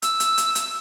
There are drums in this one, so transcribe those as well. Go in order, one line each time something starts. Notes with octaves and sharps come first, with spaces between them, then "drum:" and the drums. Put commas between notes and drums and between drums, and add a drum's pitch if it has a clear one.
E6, drum: hi-hat
drum: hi-hat
drum: hi-hat
drum: hi-hat